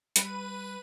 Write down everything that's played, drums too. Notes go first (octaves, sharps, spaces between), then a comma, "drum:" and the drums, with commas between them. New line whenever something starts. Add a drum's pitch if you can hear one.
G3 B4 D#7, drum: hi-hat